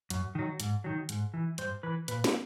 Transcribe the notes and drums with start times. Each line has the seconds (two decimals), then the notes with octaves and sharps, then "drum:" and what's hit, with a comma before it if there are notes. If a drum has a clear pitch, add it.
0.10 F#2, drum: hi-hat
0.35 D#3 F#3
0.60 G#2, drum: hi-hat
0.84 D#3 F#3
1.09 G#2, drum: hi-hat
1.34 E3
1.58 G2 C5, drum: hi-hat
1.83 E3 B4
2.08 A#2 B4, drum: hi-hat
2.24 drum: snare